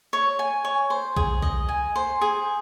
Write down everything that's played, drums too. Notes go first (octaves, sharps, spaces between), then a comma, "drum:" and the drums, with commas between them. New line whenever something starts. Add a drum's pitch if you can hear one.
C#5
G#5
C#5
C5
G#4, drum: kick B1
D#5, drum: kick B1
G#5
C5
G#4